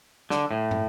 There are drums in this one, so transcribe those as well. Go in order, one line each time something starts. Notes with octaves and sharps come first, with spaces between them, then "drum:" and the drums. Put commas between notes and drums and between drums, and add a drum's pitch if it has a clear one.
D3, drum: snare
A2
drum: tom